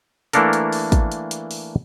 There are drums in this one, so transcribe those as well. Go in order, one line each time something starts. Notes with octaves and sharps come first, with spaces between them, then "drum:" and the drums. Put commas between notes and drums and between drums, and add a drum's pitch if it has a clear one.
E3 A3 A#3 D4 A4 A#4, drum: hi-hat
drum: hi-hat
drum: open hi-hat
drum: kick, hi-hat
drum: hi-hat
drum: hi-hat
drum: open hi-hat